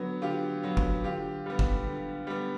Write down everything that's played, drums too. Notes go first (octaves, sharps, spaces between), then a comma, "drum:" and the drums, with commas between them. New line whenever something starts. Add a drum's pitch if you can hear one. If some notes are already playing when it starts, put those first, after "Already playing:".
Already playing: D3 F#3 B3
D3 F4 G4
F#3 B3
drum: kick
D3 F4 G4
G3 B3
drum: kick
D3
G3 B3